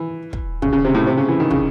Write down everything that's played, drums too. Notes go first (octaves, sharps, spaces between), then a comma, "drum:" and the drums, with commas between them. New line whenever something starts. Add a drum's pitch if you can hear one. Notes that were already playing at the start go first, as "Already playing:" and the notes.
Already playing: E3
drum: kick
C#3, drum: kick
C#3
C3
A2
C3
C#3
E3
D#3
C#3, drum: kick